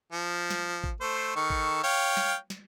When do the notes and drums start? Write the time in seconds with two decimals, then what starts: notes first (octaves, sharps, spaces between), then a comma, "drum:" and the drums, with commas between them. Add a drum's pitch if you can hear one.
0.13 F3
0.50 drum: snare
0.84 drum: kick G#1
1.01 A3 C5
1.36 D#3 A4 C#6
1.50 drum: kick G#1
1.84 C#5 F5 G5
2.17 drum: snare
2.50 drum: snare